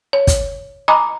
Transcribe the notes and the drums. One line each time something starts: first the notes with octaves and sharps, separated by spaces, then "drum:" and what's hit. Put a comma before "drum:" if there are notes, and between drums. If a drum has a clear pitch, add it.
C#5
drum: kick, hi-hat
D#5 G#5 A#5 B5 D6 D#6